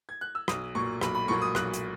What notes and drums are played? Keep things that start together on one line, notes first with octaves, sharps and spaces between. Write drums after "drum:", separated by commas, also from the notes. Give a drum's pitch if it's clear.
G#6
F#6
E6
B1 D#6, drum: rim click
A#2 F#3 A#3 C#6
B1 B5, drum: rim click
B5
A#2 F#3 A#3 C#6
D#6
B1 F#6, drum: rim click
drum: hi-hat